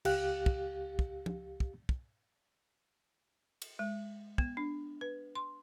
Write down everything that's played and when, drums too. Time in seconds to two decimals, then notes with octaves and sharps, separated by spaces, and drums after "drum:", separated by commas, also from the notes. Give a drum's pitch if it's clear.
0.05 C#2 G4 F5 F#6, drum: cymbal
0.46 drum: kick
0.99 drum: kick
1.26 drum: tom
1.60 drum: kick
1.89 drum: kick
3.62 drum: cymbal
3.79 G#3
4.38 B3, drum: kick
4.57 D4
5.01 B4
5.35 C6